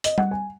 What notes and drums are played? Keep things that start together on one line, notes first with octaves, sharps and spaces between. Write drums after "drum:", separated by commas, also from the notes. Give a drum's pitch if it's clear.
D#5, drum: hi-hat
F#5, drum: tom G3
G#5